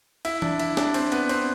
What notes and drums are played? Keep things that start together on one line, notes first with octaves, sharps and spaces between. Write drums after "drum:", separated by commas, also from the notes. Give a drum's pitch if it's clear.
E4, drum: cymbal
D4, drum: tom E3
E4, drum: cymbal
D4, drum: snare
C4, drum: cymbal
B3, drum: cymbal
C4, drum: cymbal